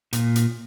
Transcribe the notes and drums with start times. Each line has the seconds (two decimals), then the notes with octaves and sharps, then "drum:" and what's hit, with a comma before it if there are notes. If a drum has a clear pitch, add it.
0.13 A#2, drum: hi-hat
0.36 drum: hi-hat